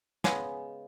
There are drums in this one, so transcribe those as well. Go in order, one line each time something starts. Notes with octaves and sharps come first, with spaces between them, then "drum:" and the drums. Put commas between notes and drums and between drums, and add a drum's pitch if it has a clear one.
C#3 G#3 B3, drum: snare